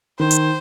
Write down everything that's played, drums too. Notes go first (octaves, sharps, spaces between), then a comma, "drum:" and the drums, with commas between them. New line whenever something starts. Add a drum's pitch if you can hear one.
D#3 C5
drum: hi-hat